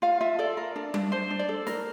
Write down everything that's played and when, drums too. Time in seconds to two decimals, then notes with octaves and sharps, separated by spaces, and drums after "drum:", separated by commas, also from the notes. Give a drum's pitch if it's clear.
0.02 F4 F5
0.21 F4 E5
0.39 A4 D5
0.57 A#4
0.76 D4
0.94 D4, drum: tom G3
1.12 D4 C5
1.30 D4
1.39 D5
1.49 A4
1.67 A#4, drum: snare